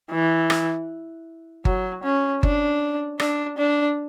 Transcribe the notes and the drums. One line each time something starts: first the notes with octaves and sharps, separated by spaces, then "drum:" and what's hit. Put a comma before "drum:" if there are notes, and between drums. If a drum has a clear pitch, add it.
E3
drum: rim click
F#3, drum: kick G1
C#4
D4, drum: kick G1
D4, drum: rim click
D4